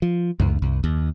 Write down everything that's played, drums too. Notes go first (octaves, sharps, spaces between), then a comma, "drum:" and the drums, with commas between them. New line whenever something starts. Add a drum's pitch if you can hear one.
F3
C#2, drum: tom F#2
C2
D#2